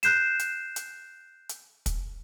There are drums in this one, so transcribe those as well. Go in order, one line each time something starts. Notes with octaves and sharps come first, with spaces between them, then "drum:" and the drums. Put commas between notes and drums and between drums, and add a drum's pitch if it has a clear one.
F#6 G6 C7 E7, drum: hi-hat
drum: hi-hat
drum: hi-hat
drum: hi-hat
drum: kick, hi-hat